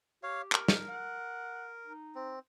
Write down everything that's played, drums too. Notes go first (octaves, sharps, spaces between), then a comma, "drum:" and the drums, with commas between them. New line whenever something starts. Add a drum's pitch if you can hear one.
G4 C#5 F5
A#4, drum: clap
drum: snare
F#5
D#4
C4